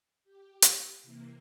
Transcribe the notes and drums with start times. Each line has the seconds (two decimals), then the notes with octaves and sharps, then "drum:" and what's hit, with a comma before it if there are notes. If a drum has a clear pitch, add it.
0.24 G4
0.62 drum: hi-hat
1.03 C3 E3 A#3